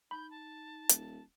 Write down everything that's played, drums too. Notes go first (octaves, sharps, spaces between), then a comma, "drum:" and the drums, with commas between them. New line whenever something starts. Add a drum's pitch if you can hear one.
D#4 B5 G6
A5
D#1, drum: hi-hat